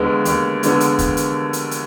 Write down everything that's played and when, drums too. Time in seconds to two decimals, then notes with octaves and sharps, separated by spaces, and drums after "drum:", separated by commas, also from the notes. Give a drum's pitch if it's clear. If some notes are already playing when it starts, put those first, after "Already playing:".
Already playing: D#2 D3 G#3 B3
0.25 D#2, drum: hi-hat
0.63 D3 G#3 B3, drum: hi-hat
0.80 drum: hi-hat
0.99 drum: kick, hi-hat
1.17 drum: hi-hat
1.53 drum: hi-hat
1.71 drum: hi-hat